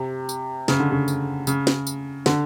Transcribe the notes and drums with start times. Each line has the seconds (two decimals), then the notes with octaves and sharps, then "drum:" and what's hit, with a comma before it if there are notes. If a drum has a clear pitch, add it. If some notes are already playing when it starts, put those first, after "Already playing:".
Already playing: C3
0.29 drum: tambourine
0.68 C#3, drum: snare
0.79 D3
0.91 C#3
1.08 drum: tambourine
1.47 C#3, drum: tambourine
1.67 drum: snare
1.87 drum: tambourine
2.26 D3, drum: snare